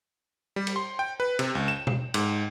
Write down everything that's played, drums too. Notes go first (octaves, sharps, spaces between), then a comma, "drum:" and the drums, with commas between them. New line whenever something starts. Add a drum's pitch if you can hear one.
G3
drum: cymbal
C6
G5
B4
C3, drum: cymbal
C#2
E7
drum: tom B2
G#2, drum: cymbal